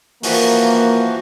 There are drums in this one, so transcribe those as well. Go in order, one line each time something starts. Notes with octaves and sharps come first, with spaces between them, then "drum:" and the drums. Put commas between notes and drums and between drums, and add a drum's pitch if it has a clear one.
E3 F3 A#3 F#4, drum: open hi-hat